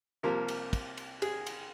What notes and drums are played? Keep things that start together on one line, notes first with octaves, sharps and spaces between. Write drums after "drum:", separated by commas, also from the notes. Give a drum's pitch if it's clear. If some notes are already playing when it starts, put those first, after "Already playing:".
C2 C3 F3 A#3 A#4
drum: cymbal
drum: kick, cymbal
drum: cymbal
G#4, drum: cymbal
drum: cymbal